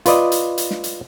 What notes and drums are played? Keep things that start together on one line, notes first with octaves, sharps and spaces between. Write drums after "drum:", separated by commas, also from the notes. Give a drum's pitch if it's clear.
F4 B4 D5 D#5, drum: hi-hat
drum: hi-hat
drum: hi-hat
drum: snare
drum: hi-hat